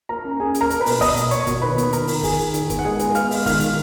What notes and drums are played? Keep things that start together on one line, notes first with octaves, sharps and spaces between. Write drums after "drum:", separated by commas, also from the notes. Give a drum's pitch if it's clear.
A#3 A#4 A#5
C#4
C#4 G#4 G#5
A#3, drum: hi-hat
A#4 A#5
A#3, drum: hi-hat
B4 B5
B2, drum: open hi-hat
B2 D#5 D#6, drum: kick, open hi-hat
B2, drum: hi-hat
A#3 C#5 C#6, drum: hi-hat
B2, drum: kick, hi-hat
D#3 B4 B5
B3, drum: hi-hat
D#3 A#4 A#5, drum: hi-hat
D#3, drum: open hi-hat
D#3 G#4 G#5, drum: kick, open hi-hat
D#3
D#3, drum: hi-hat
B3, drum: kick, hi-hat
F#5
G#3 G#4 G#5
B3, drum: hi-hat
B3 F5 F6, drum: hi-hat
G#3, drum: open hi-hat
D#3 F5 F6, drum: kick, open hi-hat
D#3, drum: hi-hat